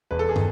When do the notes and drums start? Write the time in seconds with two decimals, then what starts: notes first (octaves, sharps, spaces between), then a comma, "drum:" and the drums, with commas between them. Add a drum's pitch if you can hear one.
0.11 E1 B4
0.19 A4
0.29 G#4
0.36 D#3, drum: tom